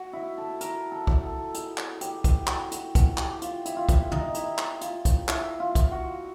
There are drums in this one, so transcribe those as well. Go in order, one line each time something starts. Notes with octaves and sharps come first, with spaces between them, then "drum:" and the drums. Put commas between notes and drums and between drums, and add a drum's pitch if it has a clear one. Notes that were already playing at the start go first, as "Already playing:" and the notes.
Already playing: F#4
E4
A4
A#4, drum: hi-hat
A4
drum: kick
A4
G#4, drum: hi-hat
drum: clap
G4, drum: hi-hat
drum: kick, hi-hat
F#4, drum: clap
F#4, drum: hi-hat
F#4, drum: kick, hi-hat
G4, drum: clap
F4, drum: hi-hat
E4, drum: hi-hat
F4
E4, drum: kick, hi-hat
D#4, drum: tom
E4, drum: hi-hat
drum: clap
F4, drum: hi-hat
drum: kick, hi-hat
E4, drum: clap
F4
drum: kick, hi-hat
F#4